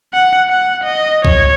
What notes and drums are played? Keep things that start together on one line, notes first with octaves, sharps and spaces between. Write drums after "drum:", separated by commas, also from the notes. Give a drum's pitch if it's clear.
F#5
F#5
D#5
C#5, drum: kick